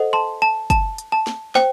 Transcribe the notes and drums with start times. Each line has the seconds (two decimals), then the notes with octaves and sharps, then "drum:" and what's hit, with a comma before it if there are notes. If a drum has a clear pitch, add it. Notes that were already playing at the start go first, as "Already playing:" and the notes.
Already playing: A4 C5 D#5 F#5
0.13 A5 C6
0.42 A5
0.70 A5, drum: kick, hi-hat
0.98 drum: hi-hat
1.12 A5
1.27 drum: snare
1.55 C5 G5, drum: snare